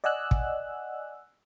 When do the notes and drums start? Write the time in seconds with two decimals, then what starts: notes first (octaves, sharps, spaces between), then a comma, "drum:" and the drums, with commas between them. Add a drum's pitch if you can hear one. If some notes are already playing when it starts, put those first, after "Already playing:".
0.04 D5 D#5 F#5 G#5 E6 F#6
0.31 drum: kick